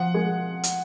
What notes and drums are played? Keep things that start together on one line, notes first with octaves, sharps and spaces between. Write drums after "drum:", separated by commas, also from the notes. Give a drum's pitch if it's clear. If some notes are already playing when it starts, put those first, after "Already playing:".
Already playing: F3 F#5
G#3
drum: hi-hat